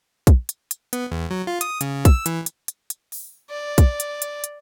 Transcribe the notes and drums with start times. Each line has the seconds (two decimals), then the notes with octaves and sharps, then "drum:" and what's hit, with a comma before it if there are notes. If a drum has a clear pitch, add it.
0.27 drum: kick, hi-hat
0.49 drum: hi-hat
0.71 drum: hi-hat
0.93 B3, drum: hi-hat
1.12 E2
1.31 F#3
1.47 F4
1.61 D#6, drum: hi-hat
1.81 C#3, drum: hi-hat
2.05 E6, drum: kick, hi-hat
2.26 E3, drum: hi-hat
2.46 drum: hi-hat
2.68 drum: hi-hat
2.90 drum: hi-hat
3.12 drum: open hi-hat
3.50 D5
3.78 drum: kick, hi-hat
4.00 drum: hi-hat
4.22 drum: hi-hat
4.44 drum: hi-hat